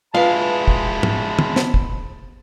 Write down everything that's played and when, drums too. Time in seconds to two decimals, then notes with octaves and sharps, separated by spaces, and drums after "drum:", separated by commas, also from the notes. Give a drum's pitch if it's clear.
0.14 G#3 E4 F4 B4 F5 A5 B5
0.68 drum: kick
1.03 drum: tom
1.39 drum: tom
1.56 drum: snare
1.74 drum: kick